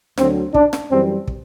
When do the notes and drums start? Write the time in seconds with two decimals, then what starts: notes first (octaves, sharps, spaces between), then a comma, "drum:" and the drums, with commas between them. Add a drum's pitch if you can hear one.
0.18 D2 D3 F#3 C4, drum: snare
0.54 D4, drum: kick
0.73 drum: snare
0.90 F#2 E3 G3 C4
1.28 drum: kick